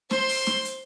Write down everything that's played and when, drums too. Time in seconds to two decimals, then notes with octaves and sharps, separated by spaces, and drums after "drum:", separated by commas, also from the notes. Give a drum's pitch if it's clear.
0.11 C5 C6, drum: snare
0.29 drum: open hi-hat
0.47 drum: snare
0.65 drum: hi-hat